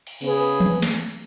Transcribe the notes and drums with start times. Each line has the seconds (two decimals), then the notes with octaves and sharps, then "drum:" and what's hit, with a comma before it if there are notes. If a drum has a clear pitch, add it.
0.07 drum: open hi-hat
0.21 C#3 B3 G#4 B4, drum: cymbal
0.60 drum: tom E3
0.82 drum: snare